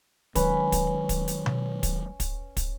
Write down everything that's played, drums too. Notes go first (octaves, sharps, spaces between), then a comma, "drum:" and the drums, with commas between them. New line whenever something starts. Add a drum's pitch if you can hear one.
D#3 F#3 G#3 C#4 B4, drum: kick, hi-hat
drum: kick, hi-hat
drum: kick, hi-hat
drum: hi-hat
drum: tom B2
drum: kick, hi-hat
drum: kick, hi-hat
drum: kick, hi-hat